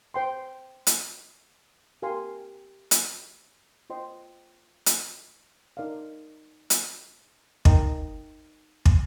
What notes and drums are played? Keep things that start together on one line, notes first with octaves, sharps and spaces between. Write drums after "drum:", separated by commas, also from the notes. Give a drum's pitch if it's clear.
C5 G5 C6
drum: hi-hat
G4 A#4 F5 G#5 C6
drum: hi-hat
F4 C5 D#5 G5 C6
drum: hi-hat
D#4 A#4 D5 F5
drum: hi-hat
D#4 A#4 D#5 G5 A#5, drum: kick
drum: kick